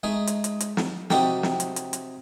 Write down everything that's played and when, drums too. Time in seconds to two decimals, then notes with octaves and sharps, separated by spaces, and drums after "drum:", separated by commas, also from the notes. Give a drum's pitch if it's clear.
0.03 G#3 A3 D#4 G#4
0.27 drum: hi-hat
0.44 drum: hi-hat
0.60 drum: hi-hat
0.77 drum: snare
1.10 C3 D#4 F#4 G4 A4 G5, drum: snare
1.43 drum: snare
1.60 drum: hi-hat
1.76 drum: hi-hat
1.93 drum: hi-hat